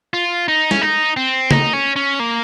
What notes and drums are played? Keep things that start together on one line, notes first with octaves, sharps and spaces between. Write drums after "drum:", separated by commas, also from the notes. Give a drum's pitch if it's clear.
F4
D#4
C#4, drum: snare
D#4
C4
D#4, drum: tom
C#4
C#4
A#3